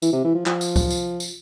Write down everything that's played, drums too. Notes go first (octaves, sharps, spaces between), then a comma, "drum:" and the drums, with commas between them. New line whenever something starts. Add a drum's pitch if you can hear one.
E3, drum: tambourine
C3
E3
F3
F3, drum: clap
drum: tambourine
drum: kick C#2, tambourine
drum: tambourine
drum: tambourine